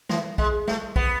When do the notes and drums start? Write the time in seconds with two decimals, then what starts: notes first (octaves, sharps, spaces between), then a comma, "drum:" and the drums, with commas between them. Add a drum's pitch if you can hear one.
0.09 E3, drum: snare
0.38 G#3, drum: kick
0.68 A3, drum: snare
0.96 B3, drum: kick